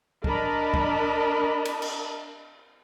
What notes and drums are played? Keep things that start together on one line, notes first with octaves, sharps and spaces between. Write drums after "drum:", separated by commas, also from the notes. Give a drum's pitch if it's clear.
D4 A#4 D#5 A5 B5, drum: kick
drum: kick
drum: cymbal
drum: cymbal